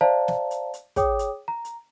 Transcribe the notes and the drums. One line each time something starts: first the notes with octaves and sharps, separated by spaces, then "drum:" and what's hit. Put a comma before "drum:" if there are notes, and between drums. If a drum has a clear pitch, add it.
C5 D5 E5 F5 A5 A#5
drum: snare
drum: hi-hat
drum: hi-hat
G#4 C#5 G5 D6 D#6, drum: kick, hi-hat
drum: hi-hat
A#5
drum: hi-hat